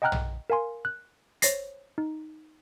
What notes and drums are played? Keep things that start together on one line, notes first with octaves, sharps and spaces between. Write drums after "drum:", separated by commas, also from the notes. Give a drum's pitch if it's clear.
D#5 F#5 G5 A#5 F6 F#6
drum: tom
A#4 F5 G#5 C6
F#6
C5 C#5 A6 A#6 C7, drum: hi-hat
D#4